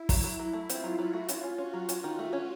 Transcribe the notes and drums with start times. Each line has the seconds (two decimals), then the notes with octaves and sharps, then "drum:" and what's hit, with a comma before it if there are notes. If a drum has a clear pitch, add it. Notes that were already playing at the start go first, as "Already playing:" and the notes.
Already playing: E4
0.09 F#3, drum: kick, open hi-hat
0.24 F#3
0.39 F#3
0.53 A3
0.69 C4 F4, drum: hi-hat
0.84 F#3
0.99 F#3 F#4
1.13 A3
1.28 C#4 F4, drum: hi-hat
1.44 C#4
1.58 C#4 F#4
1.74 F#3
1.89 C#4 F4, drum: hi-hat
2.04 D#3
2.19 A3 F4
2.33 C#4